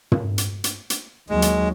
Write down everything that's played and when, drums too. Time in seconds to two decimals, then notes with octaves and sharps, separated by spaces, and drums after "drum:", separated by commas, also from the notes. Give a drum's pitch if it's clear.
0.12 drum: tom
0.38 drum: hi-hat
0.64 drum: hi-hat
0.90 drum: hi-hat
1.29 D#2 F#3 G#3
1.42 drum: hi-hat